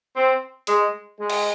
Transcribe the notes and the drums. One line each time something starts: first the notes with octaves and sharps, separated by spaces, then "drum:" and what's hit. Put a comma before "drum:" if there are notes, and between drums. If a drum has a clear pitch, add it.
C4
G#3, drum: hi-hat
G#3
drum: cymbal